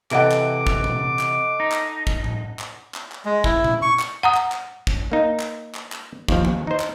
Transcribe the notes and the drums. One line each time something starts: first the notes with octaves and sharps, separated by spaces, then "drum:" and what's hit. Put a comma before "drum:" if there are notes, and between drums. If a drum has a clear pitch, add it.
C3 E3 A4 D#5 F#5 D6, drum: clap
drum: clap
drum: kick
drum: tom A#2
drum: clap
D#4
drum: clap
drum: kick
drum: tom A2
drum: clap
drum: clap
drum: clap
G#3
E4, drum: kick
drum: tom A#2
C#6
drum: clap
F#5 A#5 D#6
drum: clap
drum: clap
drum: kick
A#3 D#4
drum: clap
drum: clap
drum: clap
D#2 F3, drum: kick
drum: tom E3
D#4 C5
drum: clap